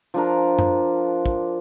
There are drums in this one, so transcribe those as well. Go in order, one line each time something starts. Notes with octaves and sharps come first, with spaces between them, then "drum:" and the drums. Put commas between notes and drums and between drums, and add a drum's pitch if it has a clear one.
F3 D4 A#4
drum: tom F#2
drum: kick